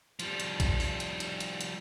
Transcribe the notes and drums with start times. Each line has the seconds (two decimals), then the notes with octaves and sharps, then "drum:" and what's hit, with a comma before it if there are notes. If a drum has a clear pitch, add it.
0.20 F3 G3, drum: hi-hat
0.40 drum: hi-hat
0.60 drum: kick, hi-hat
0.80 drum: open hi-hat
1.00 drum: hi-hat
1.20 drum: hi-hat
1.40 drum: hi-hat
1.61 drum: hi-hat